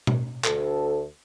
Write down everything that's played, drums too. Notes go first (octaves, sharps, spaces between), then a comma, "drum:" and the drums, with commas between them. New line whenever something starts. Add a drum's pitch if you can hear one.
drum: tom B2
D2 A4, drum: clap